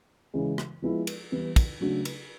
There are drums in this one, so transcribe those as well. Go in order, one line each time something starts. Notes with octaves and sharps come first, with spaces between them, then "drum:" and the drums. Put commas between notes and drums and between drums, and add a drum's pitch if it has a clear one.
C#3 E3 G#3
drum: rim click
F3 G#3 B3 E4
drum: cymbal
E3 G3 B3 E4
drum: kick, cymbal
C#3 F#3 A3 D4 F#4
drum: cymbal